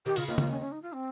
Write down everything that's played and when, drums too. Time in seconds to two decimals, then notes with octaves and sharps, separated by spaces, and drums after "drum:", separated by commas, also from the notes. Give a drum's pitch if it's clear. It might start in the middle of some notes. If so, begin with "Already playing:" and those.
0.06 D#3 G4
0.16 C#3 F4, drum: open hi-hat
0.27 D#2 D#3 F4
0.38 F4, drum: tom C#3
0.50 C#4
0.60 C#4
0.71 D#4
0.82 F4
0.92 C4